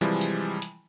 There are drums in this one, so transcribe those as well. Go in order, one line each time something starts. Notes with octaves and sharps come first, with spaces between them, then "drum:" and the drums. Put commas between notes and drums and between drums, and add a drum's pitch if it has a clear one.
C3 E3 F3 G3 G#3
drum: tambourine
drum: hi-hat